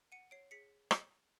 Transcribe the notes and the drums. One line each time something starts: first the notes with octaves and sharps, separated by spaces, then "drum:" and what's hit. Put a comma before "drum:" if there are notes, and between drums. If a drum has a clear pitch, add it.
F#5 C#7 D#7
C#5 C7 D7
G#4 B6 C#7
drum: rim click